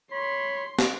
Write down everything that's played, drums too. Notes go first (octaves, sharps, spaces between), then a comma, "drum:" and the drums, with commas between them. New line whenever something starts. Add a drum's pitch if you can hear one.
C#5 B5 C6
drum: snare